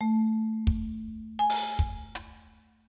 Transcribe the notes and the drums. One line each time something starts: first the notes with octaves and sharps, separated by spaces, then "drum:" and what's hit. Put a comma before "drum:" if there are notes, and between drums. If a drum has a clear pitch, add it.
A3
drum: kick
G#5
drum: open hi-hat
drum: kick
drum: hi-hat